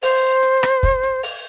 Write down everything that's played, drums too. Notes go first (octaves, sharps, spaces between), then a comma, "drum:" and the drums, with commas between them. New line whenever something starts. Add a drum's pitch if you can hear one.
C5, drum: open hi-hat
drum: hi-hat
drum: rim click
drum: kick, hi-hat
drum: hi-hat
drum: open hi-hat